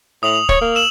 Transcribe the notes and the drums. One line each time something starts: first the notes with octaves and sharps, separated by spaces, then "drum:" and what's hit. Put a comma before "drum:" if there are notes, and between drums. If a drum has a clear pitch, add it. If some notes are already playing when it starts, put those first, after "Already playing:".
A2 D#6 F7 F#7
C#5, drum: kick D1
A#3
E6 E7 F#7